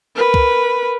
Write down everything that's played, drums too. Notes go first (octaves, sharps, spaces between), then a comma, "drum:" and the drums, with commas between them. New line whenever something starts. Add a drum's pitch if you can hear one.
A#4 B4
drum: kick C2